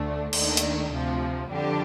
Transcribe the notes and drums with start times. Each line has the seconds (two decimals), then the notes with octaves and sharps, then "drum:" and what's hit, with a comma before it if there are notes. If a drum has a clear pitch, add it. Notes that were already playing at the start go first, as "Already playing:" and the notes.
Already playing: D2 D3 A3 D4
0.33 D#2 D#3 A3 D4, drum: cymbal
0.57 drum: hi-hat
0.91 D2 C3 F3
1.49 F2 D3 G3 D4 G4